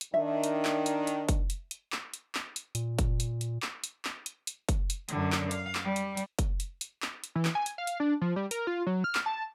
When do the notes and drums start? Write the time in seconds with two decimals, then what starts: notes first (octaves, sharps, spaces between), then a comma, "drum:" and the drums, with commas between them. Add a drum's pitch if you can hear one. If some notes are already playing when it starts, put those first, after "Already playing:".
0.01 drum: hi-hat
0.14 D#3 D4 E5
0.44 drum: hi-hat
0.65 drum: clap
0.86 drum: hi-hat
1.07 drum: hi-hat
1.29 drum: kick, hi-hat
1.50 drum: hi-hat
1.71 drum: hi-hat
1.92 drum: clap
2.14 drum: hi-hat
2.35 drum: clap
2.56 drum: hi-hat
2.75 A#2, drum: hi-hat
2.99 drum: kick, hi-hat
3.20 drum: hi-hat
3.41 drum: hi-hat
3.62 drum: clap
3.84 drum: hi-hat
4.05 drum: clap
4.26 drum: hi-hat
4.47 drum: hi-hat
4.69 drum: kick, hi-hat
4.90 drum: hi-hat
5.09 F#2 D3, drum: hi-hat
5.32 drum: clap
5.51 F5, drum: hi-hat
5.75 drum: clap
5.84 G3
5.96 drum: hi-hat
6.17 drum: hi-hat
6.39 drum: kick, hi-hat
6.60 drum: hi-hat
6.81 drum: hi-hat
7.02 drum: clap
7.24 drum: hi-hat
7.35 E3
7.45 drum: clap
7.55 G#5
7.66 drum: hi-hat
7.78 F5
7.87 drum: hi-hat
8.00 D4
8.21 F3
8.36 G3
8.51 A#4, drum: hi-hat
8.67 F4
8.87 F#3
9.04 F6
9.15 drum: clap
9.26 A5